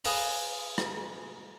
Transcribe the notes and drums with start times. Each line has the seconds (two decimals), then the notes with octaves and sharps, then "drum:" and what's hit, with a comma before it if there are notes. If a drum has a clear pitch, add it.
0.05 G#4 B4 F5 A5 A#5, drum: open hi-hat
0.78 drum: rim click